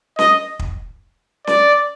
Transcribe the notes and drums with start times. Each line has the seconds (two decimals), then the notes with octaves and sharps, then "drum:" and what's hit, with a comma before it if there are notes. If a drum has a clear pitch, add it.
0.19 D#5, drum: snare C#4
0.59 drum: kick
1.47 D5, drum: snare C#4